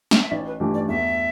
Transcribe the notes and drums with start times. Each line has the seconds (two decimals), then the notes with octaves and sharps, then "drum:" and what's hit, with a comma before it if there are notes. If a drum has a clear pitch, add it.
0.11 drum: snare
0.23 E5
0.31 A1 D5
0.46 B4
0.60 G2 E3 A3 G4
0.74 D5
0.88 E2 E5